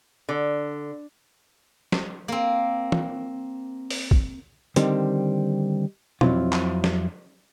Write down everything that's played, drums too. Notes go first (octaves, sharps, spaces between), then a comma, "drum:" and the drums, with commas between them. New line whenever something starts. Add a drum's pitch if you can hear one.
D3
drum: snare
A#3 C4
drum: tom
drum: open hi-hat
drum: kick
D3 D#3 G3 C4, drum: hi-hat
F2 F#3 C4 E4 F4, drum: tom B2
drum: clap
drum: snare